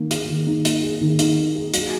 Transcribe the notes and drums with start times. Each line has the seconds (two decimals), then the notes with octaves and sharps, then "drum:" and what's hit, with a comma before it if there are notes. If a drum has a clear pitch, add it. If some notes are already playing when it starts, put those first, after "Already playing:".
Already playing: D#3 A#3 D#4
0.11 G#4, drum: hi-hat
0.29 D#3
0.47 D#4
0.65 A#3, drum: hi-hat
0.83 G#4
1.01 D#3
1.19 D#4, drum: hi-hat
1.37 A#3
1.55 G#4
1.74 F#3, drum: hi-hat